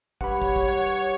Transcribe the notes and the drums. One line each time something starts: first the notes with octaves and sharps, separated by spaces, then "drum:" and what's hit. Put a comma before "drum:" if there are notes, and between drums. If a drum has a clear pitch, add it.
G2 C#5 F#5 B5, drum: kick
drum: kick
drum: kick
F#5